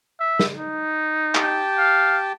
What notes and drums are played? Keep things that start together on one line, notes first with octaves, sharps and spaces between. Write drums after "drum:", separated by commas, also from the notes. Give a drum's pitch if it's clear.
E5
drum: snare
D#4
G4 G5 A5, drum: clap
F5